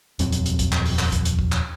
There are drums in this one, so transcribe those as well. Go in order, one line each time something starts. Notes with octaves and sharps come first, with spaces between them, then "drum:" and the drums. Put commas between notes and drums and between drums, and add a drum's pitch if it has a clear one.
D#1 F2 F#3 C4, drum: hi-hat
drum: hi-hat
drum: hi-hat
drum: kick, hi-hat
drum: clap
drum: open hi-hat
drum: clap
drum: kick, hi-hat
drum: hi-hat
drum: kick
drum: clap